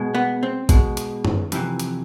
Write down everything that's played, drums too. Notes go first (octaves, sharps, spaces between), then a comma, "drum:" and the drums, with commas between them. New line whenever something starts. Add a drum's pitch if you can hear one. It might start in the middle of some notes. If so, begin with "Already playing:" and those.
Already playing: B2 G#3
B3
C4
B2 G#3, drum: kick, hi-hat
drum: hi-hat
drum: tom F#2
F2 C3 E3, drum: hi-hat
drum: hi-hat